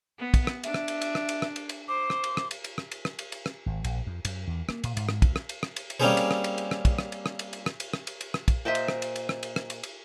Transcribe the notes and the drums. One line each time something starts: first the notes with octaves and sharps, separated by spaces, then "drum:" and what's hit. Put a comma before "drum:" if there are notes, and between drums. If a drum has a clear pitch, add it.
B3
drum: kick, cymbal
drum: rim click
D4 E5, drum: cymbal
drum: rim click
drum: cymbal
drum: cymbal
drum: rim click
drum: cymbal
drum: rim click
drum: cymbal
drum: cymbal
C5 D6
drum: rim click
drum: cymbal
drum: rim click
drum: cymbal
drum: cymbal
drum: rim click
drum: cymbal
drum: rim click
drum: cymbal
drum: cymbal
drum: rim click
G#1
A#1, drum: cymbal
F2
F#2, drum: cymbal
E2
A#3, drum: rim click
A#2, drum: cymbal
G#2, drum: cymbal
drum: rim click
D2, drum: kick, cymbal
drum: rim click
drum: cymbal
drum: rim click
drum: cymbal
drum: cymbal
G3 A#3 C4 C#4 G#4 C5
drum: cymbal
drum: rim click
drum: cymbal
drum: cymbal
drum: rim click
drum: kick, cymbal
drum: rim click
drum: cymbal
drum: rim click
drum: cymbal
drum: cymbal
drum: rim click
drum: cymbal
drum: rim click
drum: cymbal
drum: cymbal
drum: rim click
drum: kick, cymbal
A#2 C5 D#5 E5
drum: cymbal
drum: rim click
drum: cymbal
drum: cymbal
drum: rim click
drum: cymbal
drum: rim click
drum: cymbal
drum: cymbal